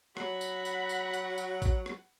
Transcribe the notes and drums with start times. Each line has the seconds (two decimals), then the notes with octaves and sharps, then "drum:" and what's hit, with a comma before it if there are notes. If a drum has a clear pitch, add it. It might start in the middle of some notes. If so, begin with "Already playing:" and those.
0.17 F#3 F#4 F#5 B5, drum: rim click
0.41 drum: tambourine
0.65 drum: tambourine
0.89 drum: tambourine
1.13 drum: tambourine
1.38 drum: tambourine
1.62 drum: kick A1, tambourine
1.86 drum: rim click